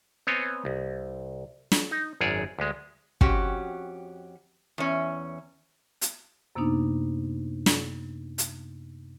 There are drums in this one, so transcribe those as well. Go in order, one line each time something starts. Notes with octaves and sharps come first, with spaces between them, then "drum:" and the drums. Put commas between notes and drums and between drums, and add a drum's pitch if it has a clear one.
B3 C4 C#5 D#5 G#5
C2
drum: snare
D#4
G#1 F#2 G#4 C#5 D5
D2 G#3
F2 C#4 F#4 G4, drum: kick
E2 C#4
drum: hi-hat
F#2 C3 A#3 B3 D4 D#4
drum: snare
drum: hi-hat